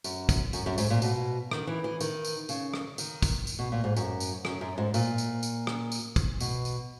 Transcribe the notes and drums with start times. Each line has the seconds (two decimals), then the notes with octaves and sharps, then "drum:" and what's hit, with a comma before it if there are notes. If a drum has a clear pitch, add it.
0.04 F#2, drum: tambourine
0.29 drum: kick, tambourine
0.53 F#2, drum: tambourine
0.66 F#2
0.78 G#2, drum: tambourine
0.90 A#2
1.02 B2, drum: tambourine
1.51 D#3, drum: rim click
1.67 E3
1.84 E3
2.01 D#3, drum: tambourine
2.25 drum: tambourine
2.49 C#3, drum: tambourine
2.74 drum: rim click
2.98 D#3, drum: tambourine
3.22 drum: kick, tambourine
3.47 drum: tambourine
3.59 B2
3.72 A#2
3.84 G#2
3.96 F#2, drum: tambourine
4.20 drum: tambourine
4.45 F#2, drum: rim click
4.61 F#2
4.78 G#2
4.94 A#2, drum: tambourine
5.18 drum: tambourine
5.43 drum: tambourine
5.67 drum: rim click
5.92 drum: tambourine
6.16 drum: kick, tambourine
6.41 B2, drum: tambourine
6.65 drum: tambourine